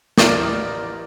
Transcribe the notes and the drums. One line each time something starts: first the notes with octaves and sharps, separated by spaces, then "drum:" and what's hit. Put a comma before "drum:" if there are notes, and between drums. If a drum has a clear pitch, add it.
A1 E4 A#4 D5 D6 D#6, drum: snare